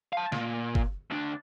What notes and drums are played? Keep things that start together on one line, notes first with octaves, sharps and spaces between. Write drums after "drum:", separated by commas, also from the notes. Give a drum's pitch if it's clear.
F5 A5
A#2, drum: snare
drum: kick G1
D2 D4